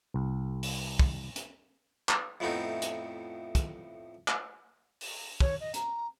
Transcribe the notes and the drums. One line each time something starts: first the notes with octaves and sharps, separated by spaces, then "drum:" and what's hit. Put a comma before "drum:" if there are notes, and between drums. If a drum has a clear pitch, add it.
C2
drum: open hi-hat
drum: kick
drum: hi-hat
drum: clap
F2 A2 A3 B3 C4 D#4
drum: hi-hat
drum: kick, hi-hat
drum: clap
drum: open hi-hat
C#5, drum: kick
D#5
A#5, drum: hi-hat